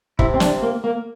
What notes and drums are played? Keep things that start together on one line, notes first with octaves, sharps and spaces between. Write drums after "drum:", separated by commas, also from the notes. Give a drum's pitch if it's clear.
C3 E4, drum: kick
C4
D4, drum: snare
A#3
A#3